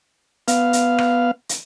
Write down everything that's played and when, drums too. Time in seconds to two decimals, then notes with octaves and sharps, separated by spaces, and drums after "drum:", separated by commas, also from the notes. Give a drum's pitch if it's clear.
0.48 B3 F5, drum: hi-hat
0.73 drum: hi-hat
0.98 drum: rim click
1.49 drum: hi-hat